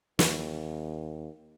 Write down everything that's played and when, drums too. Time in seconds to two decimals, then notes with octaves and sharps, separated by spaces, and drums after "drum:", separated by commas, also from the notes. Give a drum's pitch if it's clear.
0.19 D#2, drum: snare